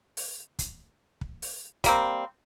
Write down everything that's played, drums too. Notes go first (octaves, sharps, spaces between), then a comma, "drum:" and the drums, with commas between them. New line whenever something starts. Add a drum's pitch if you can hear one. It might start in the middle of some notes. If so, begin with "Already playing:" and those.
drum: open hi-hat
drum: kick, hi-hat
drum: kick
drum: open hi-hat
G3 A#3 C4, drum: kick, hi-hat